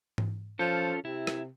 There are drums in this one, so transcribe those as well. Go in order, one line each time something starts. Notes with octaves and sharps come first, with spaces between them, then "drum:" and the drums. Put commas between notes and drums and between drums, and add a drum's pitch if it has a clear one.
drum: tom G#2
F3 C#4 F4 A4
C3 E4
drum: rim click